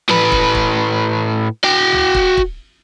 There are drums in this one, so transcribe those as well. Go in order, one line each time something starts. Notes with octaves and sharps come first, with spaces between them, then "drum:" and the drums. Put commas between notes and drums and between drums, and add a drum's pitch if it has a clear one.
A2 B4, drum: tom E3
drum: kick
drum: kick
F#4 G5
drum: tom
drum: kick
drum: kick